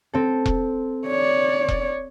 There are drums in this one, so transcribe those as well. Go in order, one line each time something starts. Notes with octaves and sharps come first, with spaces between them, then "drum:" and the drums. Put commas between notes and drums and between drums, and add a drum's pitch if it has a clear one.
C4 A4
drum: kick E1
C#5 D5
drum: kick E1